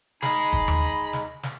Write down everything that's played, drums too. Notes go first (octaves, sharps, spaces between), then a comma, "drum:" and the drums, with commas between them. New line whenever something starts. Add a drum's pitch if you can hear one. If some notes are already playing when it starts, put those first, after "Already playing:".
D#4 G#4 D#5 B5, drum: snare
drum: kick
drum: tom D#2
drum: snare
drum: snare